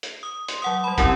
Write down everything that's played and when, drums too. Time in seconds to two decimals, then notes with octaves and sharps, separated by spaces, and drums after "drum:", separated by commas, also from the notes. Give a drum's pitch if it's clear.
0.03 drum: hi-hat
0.23 D#6
0.48 C6, drum: hi-hat
0.62 F#3 F#5 D#6
0.84 G3 B5
0.98 C4 C#4 E4 G4 A#4 F#5, drum: kick, hi-hat